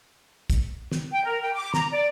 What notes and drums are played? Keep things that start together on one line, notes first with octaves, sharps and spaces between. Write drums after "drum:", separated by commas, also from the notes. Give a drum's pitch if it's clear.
drum: kick, hi-hat
drum: snare
G5
A#4
G5
D6
A#5, drum: snare
D5